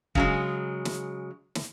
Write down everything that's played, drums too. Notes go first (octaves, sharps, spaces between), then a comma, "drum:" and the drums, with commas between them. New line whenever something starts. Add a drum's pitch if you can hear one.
C#3 F#3 G#3, drum: kick
drum: snare
drum: snare